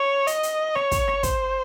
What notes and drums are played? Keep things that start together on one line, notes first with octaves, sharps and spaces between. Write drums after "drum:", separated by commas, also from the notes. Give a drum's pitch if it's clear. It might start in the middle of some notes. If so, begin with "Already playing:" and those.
Already playing: C#5
D#5, drum: hi-hat
drum: hi-hat
C#5, drum: rim click
drum: kick, hi-hat
drum: rim click
C5, drum: kick, hi-hat